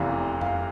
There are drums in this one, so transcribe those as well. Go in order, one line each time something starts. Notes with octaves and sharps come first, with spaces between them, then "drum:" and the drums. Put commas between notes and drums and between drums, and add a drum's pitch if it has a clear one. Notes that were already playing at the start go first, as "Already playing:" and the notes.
Already playing: F1 E2 C3 E3 F5
F5, drum: tom F2